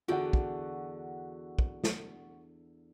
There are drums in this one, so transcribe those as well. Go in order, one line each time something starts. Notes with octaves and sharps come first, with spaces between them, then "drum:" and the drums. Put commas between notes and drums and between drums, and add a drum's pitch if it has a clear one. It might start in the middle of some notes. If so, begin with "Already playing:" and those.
E2 D3 F#4 F#5 G5
drum: kick
drum: kick
drum: snare